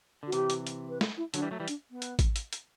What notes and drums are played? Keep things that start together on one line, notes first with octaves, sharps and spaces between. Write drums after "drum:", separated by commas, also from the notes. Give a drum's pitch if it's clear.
D3 F#4
C3 E3 G4, drum: hi-hat
drum: hi-hat
drum: hi-hat
B4
A4, drum: snare
E4
D3 F#3 D4, drum: hi-hat
E3 G3
F#3 A3
E3 G3
D4, drum: hi-hat
B3
drum: hi-hat
drum: kick, hi-hat
drum: hi-hat
drum: hi-hat